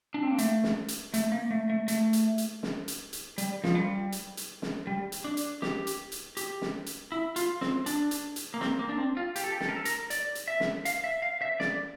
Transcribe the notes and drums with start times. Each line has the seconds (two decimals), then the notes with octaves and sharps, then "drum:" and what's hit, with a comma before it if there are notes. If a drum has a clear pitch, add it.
0.14 D4
0.23 C4
0.31 A#3
0.38 A3, drum: hi-hat
0.63 drum: snare
0.88 drum: hi-hat
1.14 A3, drum: hi-hat
1.32 A#3
1.51 A3
1.70 A3
1.88 A3, drum: hi-hat
2.13 drum: hi-hat
2.38 drum: hi-hat
2.63 drum: snare
2.88 drum: hi-hat
3.13 drum: hi-hat
3.38 G3, drum: hi-hat
3.64 F3, drum: snare
3.75 G3
4.12 drum: hi-hat
4.37 drum: hi-hat
4.62 drum: snare
4.87 G3
5.12 drum: hi-hat
5.24 D4
5.37 drum: hi-hat
5.62 G4, drum: snare
5.87 drum: hi-hat
6.12 drum: hi-hat
6.37 G4, drum: hi-hat
6.61 drum: snare
6.86 drum: hi-hat
7.12 E4
7.36 F4, drum: hi-hat
7.61 C4, drum: snare
7.86 D4, drum: hi-hat
8.11 drum: hi-hat
8.36 drum: hi-hat
8.54 A#3
8.61 C4, drum: snare
8.79 A#3
8.89 D4
8.98 C4
9.17 F4
9.36 G4, drum: hi-hat
9.44 A4
9.52 G4
9.61 A4, drum: snare
9.68 A#4
9.76 A4
9.85 A#4, drum: hi-hat
10.10 D5, drum: hi-hat
10.35 drum: hi-hat
10.48 E5
10.60 drum: snare
10.85 F5, drum: hi-hat
11.04 E5
11.22 F5
11.42 E5
11.60 D5, drum: snare